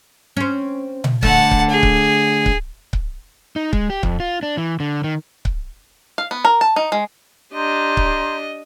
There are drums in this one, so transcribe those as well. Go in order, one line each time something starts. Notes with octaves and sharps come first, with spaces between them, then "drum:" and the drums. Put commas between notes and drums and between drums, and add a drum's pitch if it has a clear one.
C4 C#4
drum: tom A#2
D3 A3 F#5 A5, drum: kick C#1
drum: kick C#1
G#4
drum: kick C#1
drum: kick C#1
drum: kick C#1
D#4
G#3, drum: kick C#1
G4
F2, drum: kick C#1
F4
D4
E3
D3
D#3
drum: kick C#1
F5
B3
A#4
A5
D#4
G#3
D4 G4 D#5 A#5 C6 G6
drum: kick C#1